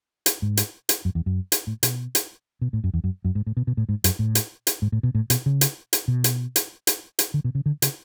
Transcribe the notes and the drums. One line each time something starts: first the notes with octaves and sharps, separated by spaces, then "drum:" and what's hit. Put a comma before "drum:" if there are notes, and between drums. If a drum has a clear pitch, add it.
drum: hi-hat
G#2
drum: hi-hat
drum: hi-hat
F#2
E2
F#2
drum: hi-hat
A2
B2, drum: hi-hat
drum: hi-hat
B2
A2
F#2
E2
F#2
F#2
G#2
A2
B2
B2
A2
G#2
F#2, drum: hi-hat
A2
drum: hi-hat
drum: hi-hat
G#2
A2
B2
A2
B2, drum: hi-hat
C#3
drum: hi-hat
drum: hi-hat
B2
drum: hi-hat
drum: hi-hat
drum: hi-hat
drum: hi-hat
D3
B2
C#3
D3
C#3, drum: hi-hat